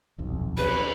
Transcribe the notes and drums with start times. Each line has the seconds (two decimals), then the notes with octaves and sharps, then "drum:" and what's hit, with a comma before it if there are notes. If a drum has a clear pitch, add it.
0.18 D#1 B1 F2
0.57 B4 B5, drum: cymbal